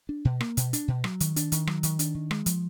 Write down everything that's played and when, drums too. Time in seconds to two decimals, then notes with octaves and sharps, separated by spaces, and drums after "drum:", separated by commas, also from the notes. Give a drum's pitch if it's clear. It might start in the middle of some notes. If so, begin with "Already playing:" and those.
0.09 D4
0.25 B2
0.41 A#3, drum: rim click
0.57 B2, drum: hi-hat
0.73 D4, drum: hi-hat
0.88 B2
1.04 F#3, drum: rim click
1.20 D#3, drum: hi-hat
1.36 D4, drum: hi-hat
1.52 D#3, drum: hi-hat
1.67 F#3, drum: rim click
1.83 D#3, drum: hi-hat
1.99 D4, drum: hi-hat
2.15 D#3
2.31 G#3, drum: rim click
2.46 F3, drum: hi-hat